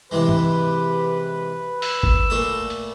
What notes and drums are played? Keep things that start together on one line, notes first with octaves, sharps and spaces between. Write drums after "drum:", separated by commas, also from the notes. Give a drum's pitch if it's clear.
C3 E3 G#3 G4 B4
drum: tom
E6, drum: open hi-hat
drum: kick G1
A#2 A3 A4
drum: hi-hat